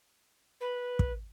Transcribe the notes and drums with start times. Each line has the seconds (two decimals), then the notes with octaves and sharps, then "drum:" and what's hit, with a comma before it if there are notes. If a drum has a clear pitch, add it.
0.60 B4
0.99 drum: kick